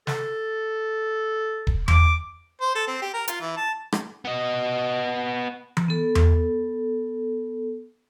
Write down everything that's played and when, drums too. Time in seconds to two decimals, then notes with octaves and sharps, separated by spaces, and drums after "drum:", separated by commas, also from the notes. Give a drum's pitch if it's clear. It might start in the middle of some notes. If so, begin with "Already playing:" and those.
0.07 A4, drum: snare
1.67 drum: kick D#1
1.88 D6, drum: tom E2
2.61 C5
2.75 A4
2.87 C4
3.02 G4
3.14 A#4
3.28 F4, drum: hi-hat
3.40 E3
3.57 A5
3.92 drum: rim click
4.25 B3 D#5
5.77 drum: tom E3
5.88 B3 A4
6.15 drum: tom E2